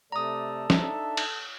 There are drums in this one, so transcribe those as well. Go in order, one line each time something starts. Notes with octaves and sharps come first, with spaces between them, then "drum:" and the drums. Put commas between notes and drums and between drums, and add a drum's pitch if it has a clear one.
C3 A3 A4 D5 A#5 D#6
D4 D#4 E5, drum: snare
drum: cymbal